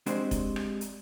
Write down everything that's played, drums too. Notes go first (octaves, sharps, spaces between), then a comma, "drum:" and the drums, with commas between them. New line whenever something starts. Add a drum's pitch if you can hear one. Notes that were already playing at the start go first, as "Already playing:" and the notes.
G#3 C4 D4 F#4 G4 C5, drum: hi-hat
drum: kick F1, hi-hat
drum: rim click
drum: hi-hat